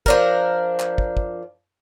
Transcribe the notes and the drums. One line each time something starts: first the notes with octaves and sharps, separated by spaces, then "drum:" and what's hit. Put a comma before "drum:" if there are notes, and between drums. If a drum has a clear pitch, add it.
F3 D4 A#4, drum: kick
drum: clap
drum: kick
drum: kick